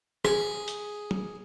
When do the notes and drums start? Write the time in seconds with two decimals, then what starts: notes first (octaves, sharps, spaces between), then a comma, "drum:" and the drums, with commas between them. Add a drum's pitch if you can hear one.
0.25 G#4, drum: rim click
0.68 drum: hi-hat
1.11 drum: tom